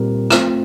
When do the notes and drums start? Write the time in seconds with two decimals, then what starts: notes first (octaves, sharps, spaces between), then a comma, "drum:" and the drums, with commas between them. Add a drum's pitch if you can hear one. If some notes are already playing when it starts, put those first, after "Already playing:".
Already playing: A#2 G3 C4 G4 A#4
0.30 A3 C4 F4, drum: rim click